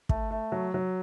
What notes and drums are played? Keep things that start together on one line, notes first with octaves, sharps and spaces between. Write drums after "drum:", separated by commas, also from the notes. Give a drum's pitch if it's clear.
A3, drum: kick
A3
F#3
F#3